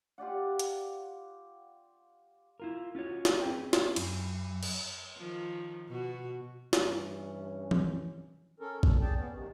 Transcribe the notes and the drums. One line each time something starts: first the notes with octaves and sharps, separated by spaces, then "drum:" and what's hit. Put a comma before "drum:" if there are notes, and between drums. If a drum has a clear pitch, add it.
F4 G4 D5 F#5
drum: hi-hat
E4 F4 A#4
C#4 F4 F#4 C#5
drum: snare
C4 C#4 G#4 B4 G5
drum: snare
F#2, drum: cymbal
drum: cymbal
D#3 F3
B2 F#4
G2 E3 C#4, drum: snare
drum: tom E3
C#4 A4 A#4
A4, drum: kick A1
G#4 D5 G5 A5
B3 C#4
G#2 C3 D#3